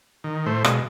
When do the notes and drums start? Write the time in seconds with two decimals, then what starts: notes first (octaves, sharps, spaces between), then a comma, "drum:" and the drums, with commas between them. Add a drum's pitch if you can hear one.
0.24 D#3
0.46 A2 A3 C5
0.64 B2 G#3, drum: rim click